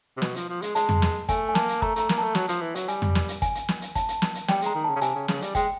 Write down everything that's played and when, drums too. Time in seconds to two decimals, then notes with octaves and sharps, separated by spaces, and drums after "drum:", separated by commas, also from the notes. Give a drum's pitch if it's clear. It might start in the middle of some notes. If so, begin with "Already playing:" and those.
0.17 C3
0.22 B2, drum: snare
0.36 F3, drum: hi-hat
0.49 F3
0.62 G#3, drum: hi-hat
0.75 G#3 A5, drum: hi-hat
0.89 drum: tom
1.02 drum: snare
1.29 A3 G#5, drum: kick, hi-hat
1.49 G#5
1.55 A#3 A5, drum: snare
1.69 drum: hi-hat
1.82 A3 A#5, drum: kick
1.96 A3 A#5, drum: hi-hat
2.09 A#3, drum: snare
2.18 A3 A5
2.35 F#3, drum: snare
2.48 F3, drum: hi-hat
2.61 E3
2.75 F#3, drum: hi-hat
2.88 G3 G#5, drum: hi-hat
3.02 drum: tom
3.15 drum: snare
3.29 drum: hi-hat
3.42 G#5, drum: kick, hi-hat
3.55 drum: hi-hat
3.69 drum: snare
3.82 drum: hi-hat
3.95 A5, drum: kick, hi-hat
4.08 drum: hi-hat
4.22 drum: snare
4.35 drum: hi-hat
4.48 G3 G5, drum: snare
4.62 G#3 A#5, drum: hi-hat
4.75 D#3
4.84 C#3 A5
4.96 C#3
5.01 C3 G#5, drum: hi-hat
5.15 C#3
5.28 C#3, drum: snare
5.42 G3, drum: hi-hat
5.55 G#3 G5, drum: kick, hi-hat